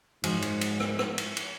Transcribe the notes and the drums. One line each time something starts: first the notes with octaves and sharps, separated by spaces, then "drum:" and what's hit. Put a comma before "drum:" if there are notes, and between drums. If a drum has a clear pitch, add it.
G#2 F3 G#3 F#4, drum: cymbal
drum: cymbal
drum: cymbal
drum: rim click
drum: rim click
drum: cymbal
drum: cymbal